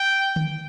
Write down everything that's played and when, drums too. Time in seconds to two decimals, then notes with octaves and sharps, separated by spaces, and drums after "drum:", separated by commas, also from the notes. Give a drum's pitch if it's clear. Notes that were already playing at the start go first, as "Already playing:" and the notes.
Already playing: G5
0.36 drum: tom D3